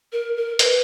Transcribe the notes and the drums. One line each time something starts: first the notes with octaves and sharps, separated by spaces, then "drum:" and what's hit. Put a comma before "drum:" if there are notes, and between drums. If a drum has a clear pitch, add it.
A#4
A#4
B4, drum: hi-hat